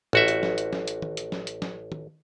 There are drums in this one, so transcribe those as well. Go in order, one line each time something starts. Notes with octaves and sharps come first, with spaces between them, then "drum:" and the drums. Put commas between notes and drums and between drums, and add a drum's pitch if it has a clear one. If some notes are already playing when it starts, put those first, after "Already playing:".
A1 F#4 E5, drum: tom
drum: hi-hat
drum: snare
drum: hi-hat
drum: snare
drum: hi-hat
drum: tom D#3
drum: hi-hat
drum: snare
drum: hi-hat
drum: snare
drum: tom D#3